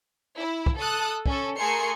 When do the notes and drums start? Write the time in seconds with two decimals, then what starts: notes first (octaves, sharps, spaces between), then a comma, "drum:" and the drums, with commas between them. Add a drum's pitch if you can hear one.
0.38 E4
0.66 drum: kick
0.78 A4 A5 D#6 F#6
1.26 C#4 A4, drum: kick
1.59 A3 G#4 A#4 G#5 C6 C#7